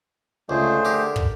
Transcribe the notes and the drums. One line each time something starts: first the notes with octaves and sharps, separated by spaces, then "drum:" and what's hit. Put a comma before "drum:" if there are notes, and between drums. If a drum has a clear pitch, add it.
C#2 D3 A3 G#4 C5
G4 A#4
drum: kick